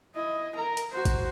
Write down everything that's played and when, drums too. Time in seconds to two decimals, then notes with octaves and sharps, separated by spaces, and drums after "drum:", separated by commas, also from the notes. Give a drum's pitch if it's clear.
0.14 E4 D#5
0.55 A#4 A#5
0.77 drum: hi-hat
0.91 F#4 C5
1.05 drum: kick, hi-hat